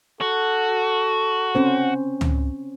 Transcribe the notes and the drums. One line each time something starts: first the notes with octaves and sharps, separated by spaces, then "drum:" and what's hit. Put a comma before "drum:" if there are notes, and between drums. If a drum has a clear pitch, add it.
F#4 A4
C4 C#4 C5
drum: tom C#2